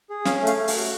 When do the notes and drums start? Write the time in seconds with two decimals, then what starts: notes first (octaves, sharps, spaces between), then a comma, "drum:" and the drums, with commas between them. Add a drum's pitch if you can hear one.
0.10 G#4
0.25 C#4 F5, drum: snare
0.41 A3
0.47 F5, drum: hi-hat
0.58 A3
0.68 F5, drum: open hi-hat
0.74 F#4